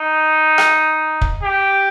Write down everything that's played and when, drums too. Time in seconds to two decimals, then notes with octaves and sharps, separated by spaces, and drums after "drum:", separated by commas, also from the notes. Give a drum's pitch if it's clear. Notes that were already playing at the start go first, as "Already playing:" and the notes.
Already playing: D#4
0.58 drum: rim click
1.21 drum: kick
1.43 G4